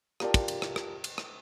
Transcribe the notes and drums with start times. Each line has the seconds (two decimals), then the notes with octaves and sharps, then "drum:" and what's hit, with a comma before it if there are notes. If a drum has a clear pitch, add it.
0.20 F4 G4 A#4 D5 G5 A5, drum: rim click
0.34 drum: kick, cymbal
0.48 drum: cymbal
0.62 drum: rim click
0.76 drum: rim click
1.04 drum: cymbal
1.18 drum: rim click